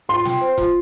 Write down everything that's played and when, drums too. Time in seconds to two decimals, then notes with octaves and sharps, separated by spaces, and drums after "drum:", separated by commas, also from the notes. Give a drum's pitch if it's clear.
0.09 F4 C6
0.25 G5, drum: snare
0.41 C5
0.58 F4, drum: kick E1